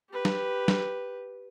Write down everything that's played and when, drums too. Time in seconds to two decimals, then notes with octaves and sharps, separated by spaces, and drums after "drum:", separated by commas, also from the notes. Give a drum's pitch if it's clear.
0.11 G4 B4
0.25 drum: snare
0.68 drum: snare